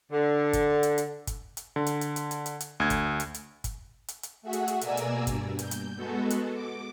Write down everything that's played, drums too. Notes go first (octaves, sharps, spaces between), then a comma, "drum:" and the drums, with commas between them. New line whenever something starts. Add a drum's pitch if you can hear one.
D3
drum: kick G1, hi-hat
drum: hi-hat
drum: hi-hat
drum: kick G1, hi-hat
drum: hi-hat
D3
drum: hi-hat
drum: hi-hat
drum: hi-hat
drum: hi-hat
drum: hi-hat
drum: hi-hat
D2 G#6
drum: kick G1, hi-hat
drum: hi-hat
drum: hi-hat
drum: kick G1, hi-hat
drum: hi-hat
drum: hi-hat
A3 F#4 G#4 E5 F#5
drum: hi-hat
drum: hi-hat
B2 A#3 A#4 D5 G#5 E6, drum: hi-hat
drum: hi-hat
G2, drum: kick G1, hi-hat
G6, drum: hi-hat
drum: hi-hat
G#3 B3 F#4 A4
drum: hi-hat
D6